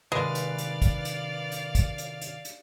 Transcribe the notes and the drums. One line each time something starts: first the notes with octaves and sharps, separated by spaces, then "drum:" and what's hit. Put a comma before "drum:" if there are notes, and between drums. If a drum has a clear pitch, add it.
C3 D#3 G#3 B4 D5 F5
drum: hi-hat
drum: hi-hat
drum: kick, hi-hat
drum: hi-hat
drum: hi-hat
drum: kick, hi-hat
drum: hi-hat
drum: hi-hat
drum: hi-hat